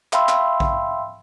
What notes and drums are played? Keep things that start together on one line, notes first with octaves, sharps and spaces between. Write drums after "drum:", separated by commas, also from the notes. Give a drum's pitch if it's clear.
E5 F5 G5 B5 C6 E6, drum: clap
drum: clap
drum: kick A#1